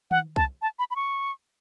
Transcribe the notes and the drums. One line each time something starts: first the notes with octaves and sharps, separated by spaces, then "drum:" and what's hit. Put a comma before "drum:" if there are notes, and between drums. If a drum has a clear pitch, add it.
F#5, drum: tom D#3
A5, drum: kick C2
A5
B5
B5
C#6